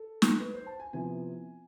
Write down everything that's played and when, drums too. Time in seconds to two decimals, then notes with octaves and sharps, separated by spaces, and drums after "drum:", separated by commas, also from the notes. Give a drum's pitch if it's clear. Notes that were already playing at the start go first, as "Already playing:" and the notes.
Already playing: A4
0.22 drum: snare
0.40 B4
0.54 C5
0.67 A5
0.80 G#5
0.93 C3 F3 B3 E4 G#5